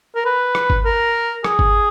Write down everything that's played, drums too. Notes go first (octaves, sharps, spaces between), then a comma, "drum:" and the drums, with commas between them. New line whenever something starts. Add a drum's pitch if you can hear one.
A#4
B4
drum: rim click
drum: kick G1
A#4
G#4, drum: rim click
drum: kick G1